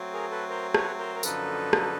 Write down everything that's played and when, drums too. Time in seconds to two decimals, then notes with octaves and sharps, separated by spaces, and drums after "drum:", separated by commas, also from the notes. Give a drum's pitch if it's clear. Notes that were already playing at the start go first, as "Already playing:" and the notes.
Already playing: F#3 A3 C4
0.13 G#4 A#4
0.31 A4 B4
0.49 A#4 C5
0.74 B4 C#5, drum: rim click
0.98 A#4 C5
1.15 A#4
1.23 F#2 D3 F3 A#3 D#4 A4 B4, drum: tambourine
1.73 drum: rim click